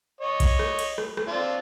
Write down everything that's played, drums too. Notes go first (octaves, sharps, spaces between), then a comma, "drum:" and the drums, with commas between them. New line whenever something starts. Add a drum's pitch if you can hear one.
C#5 D#5
drum: kick B1, cymbal
drum: rim click
drum: cymbal
drum: rim click
drum: rim click
C4 D4 F4